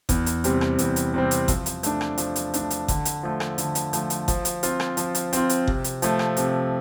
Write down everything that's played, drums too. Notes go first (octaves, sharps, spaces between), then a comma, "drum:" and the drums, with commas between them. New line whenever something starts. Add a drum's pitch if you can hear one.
E2, drum: kick F#1, hi-hat
drum: hi-hat
C3 G3 C4, drum: hi-hat
drum: rim click
E2, drum: hi-hat
drum: hi-hat
C3 G3 C4
drum: hi-hat
F3, drum: kick F#1, hi-hat
drum: hi-hat
A3 D4, drum: hi-hat
drum: rim click
F3, drum: hi-hat
drum: hi-hat
A3 D4, drum: hi-hat
drum: hi-hat
D3, drum: kick F#1, hi-hat
drum: hi-hat
F3 A3
drum: rim click
D3, drum: hi-hat
drum: hi-hat
F3 A3, drum: hi-hat
drum: hi-hat
F3, drum: kick F#1, hi-hat
drum: hi-hat
C4 F4, drum: hi-hat
drum: rim click
F3, drum: hi-hat
drum: hi-hat
C4 F4, drum: hi-hat
drum: hi-hat
C3, drum: kick F#1
drum: hi-hat
F3 A3, drum: hi-hat
drum: rim click
C3, drum: hi-hat